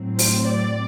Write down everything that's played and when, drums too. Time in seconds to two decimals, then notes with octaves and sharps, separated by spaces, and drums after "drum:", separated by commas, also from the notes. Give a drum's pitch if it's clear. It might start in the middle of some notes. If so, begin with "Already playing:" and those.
Already playing: A2 F#3 C4
0.19 C5, drum: open hi-hat
0.47 D5